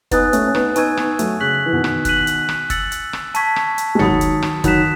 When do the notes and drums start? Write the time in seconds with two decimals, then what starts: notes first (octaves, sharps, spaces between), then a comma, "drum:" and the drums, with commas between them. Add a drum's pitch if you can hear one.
0.11 B3 D#4 G#5 D#6 F#6 A6, drum: kick, hi-hat
0.33 A3 C#4, drum: hi-hat
0.48 C#4
0.55 B3 D#4, drum: rim click
0.76 B3 D#4 G#5 C#6 E6 G#6 D#7, drum: hi-hat
0.97 B3 D#4, drum: rim click
1.19 F#3 A3, drum: hi-hat
1.40 C#3 C#6 F#6 B6 F#7
1.66 E3
1.73 B2 D#3
1.84 drum: rim click
2.05 F#6 B6 D#7 F#7, drum: kick, hi-hat
2.27 drum: hi-hat
2.49 drum: rim click
2.70 E6 A6 C#7 F#7, drum: kick, hi-hat
2.92 drum: hi-hat
3.13 drum: rim click
3.35 A5 C#6 G#6 B6, drum: hi-hat
3.56 drum: rim click
3.78 drum: hi-hat
3.95 G#3
3.99 D#3 F#3 B5 D#6 A6 C#7, drum: tom F#1
4.21 drum: hi-hat
4.43 drum: rim click
4.64 D#3 F#3 B5 D#6 F#6 B6 E7, drum: kick, hi-hat